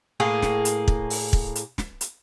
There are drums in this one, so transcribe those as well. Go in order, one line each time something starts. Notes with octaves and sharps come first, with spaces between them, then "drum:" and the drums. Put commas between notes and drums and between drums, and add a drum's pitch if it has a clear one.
A2 A#3 G#4
drum: snare
drum: hi-hat
drum: kick
drum: open hi-hat
drum: kick
drum: hi-hat
drum: snare
drum: hi-hat